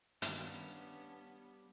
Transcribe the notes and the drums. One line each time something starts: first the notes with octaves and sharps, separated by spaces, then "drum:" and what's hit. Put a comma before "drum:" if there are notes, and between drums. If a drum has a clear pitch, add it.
G2 D#3 G3 B3 C#4 D4 F5, drum: hi-hat